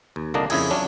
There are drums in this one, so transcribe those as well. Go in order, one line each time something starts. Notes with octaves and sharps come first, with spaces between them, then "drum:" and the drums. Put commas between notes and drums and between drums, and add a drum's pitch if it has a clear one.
D#2
C2 D3 A#3 D4 D#5
F2 C#3 E4 G#4 G#5, drum: cymbal
F#3 C#4 D4